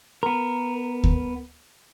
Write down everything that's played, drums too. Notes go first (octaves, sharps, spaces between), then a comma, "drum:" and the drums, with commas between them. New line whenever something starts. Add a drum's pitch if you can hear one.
B3 A#4
drum: kick D2